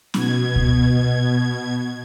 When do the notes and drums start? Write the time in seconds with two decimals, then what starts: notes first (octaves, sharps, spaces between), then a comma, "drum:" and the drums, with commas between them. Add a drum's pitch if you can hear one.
0.14 B2 G#6, drum: snare C#4
0.56 drum: kick C#2